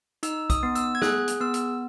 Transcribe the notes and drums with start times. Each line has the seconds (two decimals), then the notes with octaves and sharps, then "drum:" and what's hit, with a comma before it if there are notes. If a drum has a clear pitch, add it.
0.23 D#4 E6, drum: hi-hat
0.50 D#6, drum: kick, hi-hat
0.63 B3
0.75 E6, drum: hi-hat
0.95 G#6
1.02 G#4 F#6, drum: snare
1.28 drum: hi-hat
1.40 B3 E6
1.54 drum: hi-hat